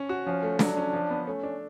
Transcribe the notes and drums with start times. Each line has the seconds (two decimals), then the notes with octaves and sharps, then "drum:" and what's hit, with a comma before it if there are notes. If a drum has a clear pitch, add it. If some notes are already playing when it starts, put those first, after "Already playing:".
Already playing: C#4
0.09 F#4
0.26 F3 C#4
0.43 A3
0.59 F#3 D4, drum: snare
0.77 C#4
0.93 F3
1.10 B3
1.27 A3 C#4
1.43 D4